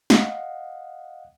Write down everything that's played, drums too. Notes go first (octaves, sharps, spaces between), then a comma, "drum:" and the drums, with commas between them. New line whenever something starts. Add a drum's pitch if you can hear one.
D#5 F5 F#5, drum: snare